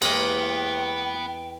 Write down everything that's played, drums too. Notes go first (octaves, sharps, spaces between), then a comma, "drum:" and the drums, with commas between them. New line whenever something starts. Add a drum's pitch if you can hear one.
E2 G#3 A#3 B3 D#5 G5, drum: cymbal